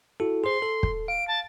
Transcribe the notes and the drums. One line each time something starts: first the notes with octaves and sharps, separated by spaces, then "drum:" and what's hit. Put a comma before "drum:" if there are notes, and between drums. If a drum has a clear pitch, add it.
E4 F#4 A4
G#4 C5 C6
A4
drum: kick
F5 D7
A5